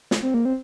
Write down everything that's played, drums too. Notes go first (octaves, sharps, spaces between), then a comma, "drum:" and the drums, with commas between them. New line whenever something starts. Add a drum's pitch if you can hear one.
drum: snare
C4
A#3
C4